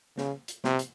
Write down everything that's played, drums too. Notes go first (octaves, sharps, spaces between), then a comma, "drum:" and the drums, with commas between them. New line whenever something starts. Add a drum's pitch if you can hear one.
C#3, drum: snare
drum: hi-hat
C3, drum: snare
drum: hi-hat